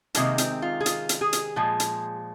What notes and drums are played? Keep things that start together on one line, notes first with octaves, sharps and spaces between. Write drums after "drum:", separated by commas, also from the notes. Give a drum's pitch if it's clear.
C3 D#3 G#3 A#3, drum: hi-hat
C4, drum: hi-hat
F4
G#4
F4, drum: hi-hat
drum: hi-hat
G#4
drum: hi-hat
A#2 F3 G#3
drum: hi-hat